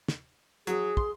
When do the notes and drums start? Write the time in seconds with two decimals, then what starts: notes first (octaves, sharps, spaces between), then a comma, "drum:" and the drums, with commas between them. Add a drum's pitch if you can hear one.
0.08 drum: snare
0.67 F#3 G#4, drum: hi-hat
0.97 C6, drum: kick